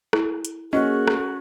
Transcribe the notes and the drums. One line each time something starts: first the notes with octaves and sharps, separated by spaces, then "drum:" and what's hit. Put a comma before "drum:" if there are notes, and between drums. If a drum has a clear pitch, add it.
E4, drum: rim click
drum: hi-hat
A#3 C#4 F#4 G#4 D#5
drum: rim click